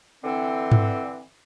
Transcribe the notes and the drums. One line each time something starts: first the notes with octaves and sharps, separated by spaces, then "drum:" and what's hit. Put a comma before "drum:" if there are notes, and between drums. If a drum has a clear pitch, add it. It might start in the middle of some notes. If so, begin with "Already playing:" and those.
D3 E3 C4
drum: tom G#2